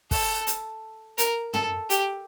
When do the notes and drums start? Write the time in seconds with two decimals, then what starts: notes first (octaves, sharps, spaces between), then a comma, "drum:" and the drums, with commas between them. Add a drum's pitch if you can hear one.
0.11 A4, drum: kick, open hi-hat
0.47 drum: hi-hat
1.18 A#4, drum: hi-hat
1.54 A4, drum: tom
1.90 G4, drum: hi-hat